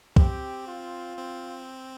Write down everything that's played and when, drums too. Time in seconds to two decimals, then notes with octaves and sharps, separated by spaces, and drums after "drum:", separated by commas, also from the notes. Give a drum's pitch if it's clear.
0.16 C4 G4, drum: kick C2
0.67 F4
1.17 C4